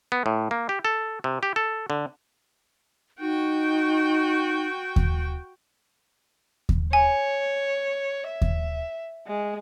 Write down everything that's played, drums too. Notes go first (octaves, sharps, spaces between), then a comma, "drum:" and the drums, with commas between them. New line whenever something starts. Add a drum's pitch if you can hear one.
B3
A2
A#3
G4
A4
C3
G4
A4
D3
D#4 F#4 G5
drum: kick D#2
drum: kick D#2
C#5 G#5
E5
drum: kick D#2
G#3